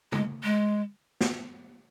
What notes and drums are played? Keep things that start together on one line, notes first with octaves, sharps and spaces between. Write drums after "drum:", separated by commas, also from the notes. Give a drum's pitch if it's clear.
G#3, drum: tom C#3
G#3
drum: snare